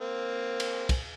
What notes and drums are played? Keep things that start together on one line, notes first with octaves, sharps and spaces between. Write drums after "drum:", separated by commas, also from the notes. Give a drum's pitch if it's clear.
A#3 C4
drum: cymbal
drum: kick, cymbal